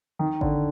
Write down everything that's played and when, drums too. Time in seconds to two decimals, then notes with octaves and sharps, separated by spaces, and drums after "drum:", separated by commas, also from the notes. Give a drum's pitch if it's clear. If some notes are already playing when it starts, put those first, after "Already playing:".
0.19 D#3
0.41 D3, drum: kick G#1